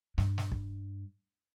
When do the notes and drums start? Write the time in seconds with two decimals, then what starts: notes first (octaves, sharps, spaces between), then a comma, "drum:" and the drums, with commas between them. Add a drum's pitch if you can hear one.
0.18 G2, drum: snare
0.38 drum: snare
0.52 drum: kick